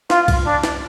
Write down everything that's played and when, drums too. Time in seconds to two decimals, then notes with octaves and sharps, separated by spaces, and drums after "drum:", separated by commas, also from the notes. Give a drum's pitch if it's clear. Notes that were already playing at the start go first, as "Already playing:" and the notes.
0.10 F4, drum: snare
0.28 drum: kick C2, cymbal
0.46 D4
0.64 drum: snare